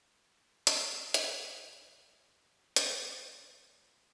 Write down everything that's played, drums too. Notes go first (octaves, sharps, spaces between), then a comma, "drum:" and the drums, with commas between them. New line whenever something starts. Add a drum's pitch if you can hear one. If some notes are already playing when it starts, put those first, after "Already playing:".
B2, drum: hi-hat
C3, drum: hi-hat
D3
E3
F#3
drum: hi-hat
G2
A2